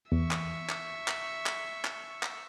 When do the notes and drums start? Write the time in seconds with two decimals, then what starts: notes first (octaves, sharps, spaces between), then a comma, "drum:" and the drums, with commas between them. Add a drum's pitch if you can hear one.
0.12 E2 E5 C#6
0.31 drum: clap
0.69 drum: clap
1.08 drum: clap
1.46 drum: clap
1.84 drum: clap
2.23 drum: clap